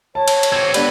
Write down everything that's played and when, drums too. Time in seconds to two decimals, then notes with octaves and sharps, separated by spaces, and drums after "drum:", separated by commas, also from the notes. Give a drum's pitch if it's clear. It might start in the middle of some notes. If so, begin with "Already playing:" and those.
0.15 C#5 A5
0.28 drum: cymbal
0.43 drum: cymbal
0.52 C4 F#4 G#6
0.74 B3 D4 G4 A4 B4, drum: cymbal